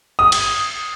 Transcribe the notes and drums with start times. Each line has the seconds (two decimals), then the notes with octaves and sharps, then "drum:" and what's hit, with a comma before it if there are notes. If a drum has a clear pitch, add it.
0.19 D#6
0.32 drum: cymbal